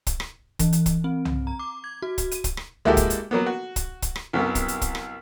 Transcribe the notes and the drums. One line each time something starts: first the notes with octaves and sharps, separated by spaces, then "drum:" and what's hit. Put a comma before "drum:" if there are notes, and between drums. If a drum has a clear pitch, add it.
drum: kick, hi-hat
drum: rim click
E3, drum: kick, hi-hat
drum: hi-hat
drum: kick, hi-hat
C4
drum: tom C2
A#5
D6
G#6
F#4
drum: kick, hi-hat
D#7, drum: hi-hat
drum: kick, hi-hat
drum: rim click
G#3 A#3 E4 F#4 G4 A4, drum: tom C2
drum: kick, hi-hat
drum: hi-hat
F#3 A#3 B3
F#4
drum: kick, hi-hat
drum: kick, hi-hat
drum: rim click
C2 F#2 B3
drum: kick, hi-hat
drum: hi-hat
drum: kick, hi-hat
drum: rim click